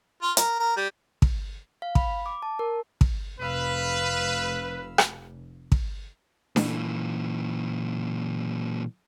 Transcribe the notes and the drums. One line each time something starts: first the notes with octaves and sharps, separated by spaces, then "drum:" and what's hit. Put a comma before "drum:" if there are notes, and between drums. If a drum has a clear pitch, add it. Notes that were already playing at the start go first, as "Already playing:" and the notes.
F4
A#4, drum: hi-hat
A#4
G3
drum: kick
F5
B5, drum: kick
D6
A5
A#4
drum: kick
F1 B4 F5 B5 E6
drum: rim click
drum: kick
A#2 E3, drum: snare D4